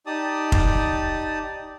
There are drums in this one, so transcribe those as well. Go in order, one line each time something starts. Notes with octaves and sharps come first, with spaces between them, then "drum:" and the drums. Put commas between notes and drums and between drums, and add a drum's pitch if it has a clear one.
D#4 G4 D5 A5 D#6
drum: kick F1